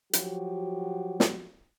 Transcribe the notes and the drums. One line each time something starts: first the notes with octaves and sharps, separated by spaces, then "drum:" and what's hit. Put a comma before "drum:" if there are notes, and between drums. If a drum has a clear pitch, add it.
F3 F#3 F#4 G4, drum: hi-hat
drum: snare